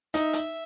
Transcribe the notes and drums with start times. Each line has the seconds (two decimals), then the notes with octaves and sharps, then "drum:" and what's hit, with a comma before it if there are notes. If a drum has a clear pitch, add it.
0.14 D#4 E5, drum: hi-hat
0.33 drum: hi-hat